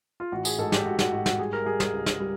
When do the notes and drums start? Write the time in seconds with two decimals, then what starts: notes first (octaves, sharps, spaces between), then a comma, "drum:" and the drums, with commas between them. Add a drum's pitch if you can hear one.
0.20 F4
0.32 A1 F#4
0.45 G#4, drum: tambourine
0.58 G#2 A4
0.72 G4, drum: snare
0.85 G#2 F#4
0.99 F#4, drum: snare
1.12 G#2 F#4
1.26 F#4, drum: snare
1.39 G3 G#4
1.53 A#4
1.66 G3 G#4
1.80 G#4, drum: snare
1.93 C#2
2.06 drum: snare
2.20 G3